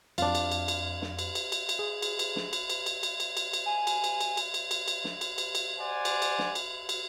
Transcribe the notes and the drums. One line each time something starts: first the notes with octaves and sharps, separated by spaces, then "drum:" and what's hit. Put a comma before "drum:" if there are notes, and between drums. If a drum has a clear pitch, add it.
F2 D4 F4, drum: cymbal
drum: cymbal
drum: cymbal
drum: cymbal
drum: snare
drum: cymbal
drum: cymbal
drum: cymbal
drum: cymbal
G#4
drum: cymbal
drum: cymbal
drum: snare
drum: cymbal
drum: cymbal
drum: cymbal
drum: cymbal
drum: cymbal
drum: cymbal
drum: cymbal
G#5
drum: cymbal
drum: cymbal
drum: cymbal
drum: cymbal
drum: cymbal
drum: cymbal
drum: cymbal
drum: snare
drum: cymbal
drum: cymbal
drum: cymbal
C5 D5 F#5 G#5
drum: cymbal
drum: cymbal
drum: snare
drum: cymbal
drum: cymbal